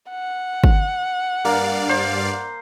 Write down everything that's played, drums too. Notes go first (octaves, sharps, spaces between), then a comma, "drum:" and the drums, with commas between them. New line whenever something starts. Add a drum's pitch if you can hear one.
F#5
drum: kick
G2 A#3 D5 F5
C5